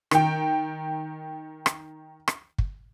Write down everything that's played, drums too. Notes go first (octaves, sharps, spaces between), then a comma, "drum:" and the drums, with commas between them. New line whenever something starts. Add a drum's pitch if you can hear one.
D#3 G5, drum: rim click
drum: rim click
drum: rim click
drum: kick